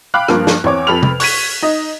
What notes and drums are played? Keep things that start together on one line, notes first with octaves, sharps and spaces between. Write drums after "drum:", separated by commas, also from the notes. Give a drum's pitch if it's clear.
F5 G5 B5 D6 F6 F#6
G2 F3 A#3, drum: rim click
drum: snare
E2 C4 C#5 D6, drum: tom
F2 A4 B4 B5 F6 F7
drum: tom
C#6 F#6 G#6 B6 D#7, drum: open hi-hat
D#4 D#5